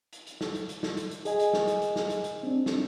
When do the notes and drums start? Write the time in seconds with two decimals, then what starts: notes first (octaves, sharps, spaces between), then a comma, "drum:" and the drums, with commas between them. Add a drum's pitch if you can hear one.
0.13 drum: hi-hat
0.27 drum: hi-hat
0.41 drum: snare
0.55 drum: hi-hat
0.69 drum: hi-hat
0.83 drum: snare
0.97 drum: hi-hat
1.11 drum: hi-hat
1.25 G#4 D#5 G#5, drum: hi-hat
1.39 drum: hi-hat
1.53 drum: snare
1.68 drum: hi-hat
1.82 drum: hi-hat
1.96 drum: snare
2.10 drum: hi-hat
2.24 drum: hi-hat
2.43 C4 D4
2.66 drum: snare